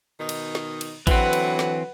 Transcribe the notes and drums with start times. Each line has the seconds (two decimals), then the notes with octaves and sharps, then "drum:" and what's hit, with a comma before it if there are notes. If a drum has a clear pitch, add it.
0.19 B2 D#3 D#4
0.29 drum: cymbal
0.55 drum: snare
0.81 drum: cymbal
1.07 D3 E3 F#3 C4 B4 F#5, drum: kick A1, cymbal
1.33 drum: cymbal
1.59 drum: snare